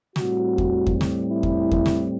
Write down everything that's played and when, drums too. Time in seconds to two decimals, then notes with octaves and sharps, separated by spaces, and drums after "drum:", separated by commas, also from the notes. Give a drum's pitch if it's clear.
0.16 A2 G3 C4 F#4, drum: snare
0.58 drum: kick E2
0.87 drum: kick E2
1.01 drum: snare
1.29 E4
1.43 drum: kick E2
1.71 drum: kick E2
1.86 drum: snare